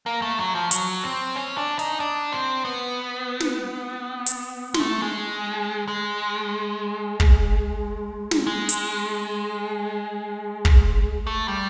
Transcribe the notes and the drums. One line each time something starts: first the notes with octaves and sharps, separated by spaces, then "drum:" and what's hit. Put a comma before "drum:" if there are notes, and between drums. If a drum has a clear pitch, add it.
A#3
A3
F#3
F3
F#3, drum: hi-hat
C4
C#4
D4
D#4, drum: open hi-hat
D4
C4
B3
drum: snare
drum: hi-hat
G#3, drum: snare
A3
G#3
G#3
drum: kick
drum: snare
G#3
drum: hi-hat
drum: kick
A3
G3